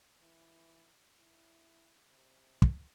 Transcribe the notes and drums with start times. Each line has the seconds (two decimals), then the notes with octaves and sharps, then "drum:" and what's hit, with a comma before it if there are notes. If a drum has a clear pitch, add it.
0.21 E3
1.18 E4
2.07 C3
2.62 drum: kick